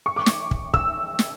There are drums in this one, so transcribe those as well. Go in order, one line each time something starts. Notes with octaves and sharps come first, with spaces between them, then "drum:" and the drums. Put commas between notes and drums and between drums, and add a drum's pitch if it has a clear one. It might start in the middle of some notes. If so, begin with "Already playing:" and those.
C#6
D6
C#6, drum: snare
drum: kick
E6, drum: kick
drum: snare